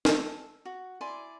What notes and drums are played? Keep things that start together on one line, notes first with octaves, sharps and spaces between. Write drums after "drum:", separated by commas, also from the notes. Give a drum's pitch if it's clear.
A4, drum: snare
F#4
E4 D5 G#5 C6